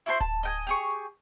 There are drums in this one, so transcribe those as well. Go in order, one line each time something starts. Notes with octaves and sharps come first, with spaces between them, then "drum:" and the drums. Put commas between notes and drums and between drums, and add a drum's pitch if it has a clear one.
E4 F#4 C5 C6
A5, drum: kick D1, hi-hat
D#5 G5 G#5
drum: hi-hat
G4 G#4 C#6
drum: hi-hat